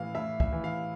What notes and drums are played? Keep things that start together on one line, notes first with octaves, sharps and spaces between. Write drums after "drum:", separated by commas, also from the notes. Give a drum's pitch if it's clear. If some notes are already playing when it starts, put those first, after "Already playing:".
Already playing: A2 E3 F5
A2 E5
E5, drum: kick
E3
F5